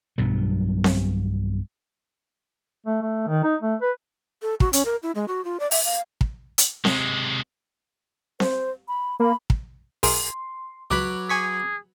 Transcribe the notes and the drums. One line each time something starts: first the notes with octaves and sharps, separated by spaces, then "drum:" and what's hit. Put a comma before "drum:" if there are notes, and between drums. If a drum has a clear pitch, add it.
B1 G2 B2 F#3
drum: snare C4
A3
A3
D#3
D#4
A3
B4
A4
F#4, drum: kick
C#4, drum: hi-hat
A#4
E4
G#3
F#4
F4
D5
E5, drum: open hi-hat
F5
drum: kick
drum: hi-hat
C3 G#3, drum: snare C4
C5, drum: snare C4
B5
A#3 B5
drum: kick
B1 G#4 A#4 C6, drum: open hi-hat
C#2 F#3 B4 C#5 B5 D6
G#4 G#5 C#6 B6